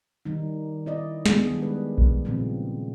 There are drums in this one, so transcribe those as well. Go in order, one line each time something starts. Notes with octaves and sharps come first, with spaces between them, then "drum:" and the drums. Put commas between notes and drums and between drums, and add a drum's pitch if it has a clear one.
D#3 G3 D#4
E4 D5 D#5
B3 D4 G#4, drum: snare
D#3 G3 G#3
B4
drum: kick A#1
A#2 C#3 F3 G3 C4